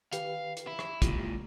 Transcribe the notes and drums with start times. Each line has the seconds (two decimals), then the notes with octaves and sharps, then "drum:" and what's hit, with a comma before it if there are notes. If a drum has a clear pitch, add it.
0.13 D#3 G4 B4 F5, drum: hi-hat
0.57 drum: hi-hat
0.67 E4
0.79 drum: rim click
1.02 C#2 A#2 E4 F4 G4, drum: kick, hi-hat